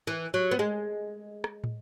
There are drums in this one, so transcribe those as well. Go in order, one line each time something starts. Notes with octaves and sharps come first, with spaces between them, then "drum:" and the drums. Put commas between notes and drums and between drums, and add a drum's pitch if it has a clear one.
E3
F#3
B3
G#3
drum: rim click
drum: tom